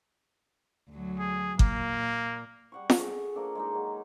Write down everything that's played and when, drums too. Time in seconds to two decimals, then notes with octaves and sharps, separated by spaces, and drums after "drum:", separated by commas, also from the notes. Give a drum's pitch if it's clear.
0.90 D2 F#3
1.19 G#4
1.59 A#2 A#3, drum: kick G1
2.72 G3 F#5 C#6
2.90 G#4 A4, drum: snare
3.35 F3 A#3 D4 A4
3.55 G#3 A#3 D#4
3.75 F#3 G#3